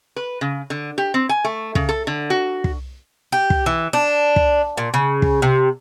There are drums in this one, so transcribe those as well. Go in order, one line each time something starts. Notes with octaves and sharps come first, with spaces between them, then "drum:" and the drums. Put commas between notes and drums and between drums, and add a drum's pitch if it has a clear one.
B4
C#3
D3
G4
C4
G#5
A3
C#3, drum: kick
A4
D3
F#4
drum: kick
G4
drum: kick
E3
D4
drum: kick
A#2
C#3
drum: kick
C3